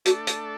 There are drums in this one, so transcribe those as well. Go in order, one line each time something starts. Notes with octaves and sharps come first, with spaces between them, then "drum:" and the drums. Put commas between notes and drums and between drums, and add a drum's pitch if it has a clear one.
A3 D4 F#4 A4 D5, drum: hi-hat
drum: hi-hat